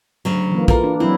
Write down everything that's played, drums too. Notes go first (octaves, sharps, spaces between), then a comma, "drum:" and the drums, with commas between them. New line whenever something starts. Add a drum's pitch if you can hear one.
D2 C#3 F#3
E3 A#3
F4 A4 A#4, drum: kick
D4
F#3 C4 E4